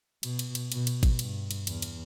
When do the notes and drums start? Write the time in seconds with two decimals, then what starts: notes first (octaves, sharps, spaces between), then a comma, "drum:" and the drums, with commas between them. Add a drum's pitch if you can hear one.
0.23 B2, drum: cymbal
0.39 drum: cymbal
0.55 drum: cymbal
0.72 B2, drum: cymbal
0.87 drum: cymbal
1.03 drum: kick G#1, cymbal
1.19 G2, drum: cymbal
1.51 drum: cymbal
1.67 E2, drum: cymbal
1.82 drum: cymbal